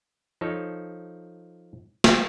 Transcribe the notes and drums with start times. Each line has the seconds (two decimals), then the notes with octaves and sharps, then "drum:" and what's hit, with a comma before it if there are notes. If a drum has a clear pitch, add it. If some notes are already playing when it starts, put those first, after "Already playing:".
0.41 F3 D#4 A4 C#5
2.04 drum: snare